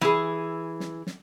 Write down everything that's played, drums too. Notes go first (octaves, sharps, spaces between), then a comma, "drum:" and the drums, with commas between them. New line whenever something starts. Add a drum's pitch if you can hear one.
E3 G#4, drum: snare
drum: snare
drum: snare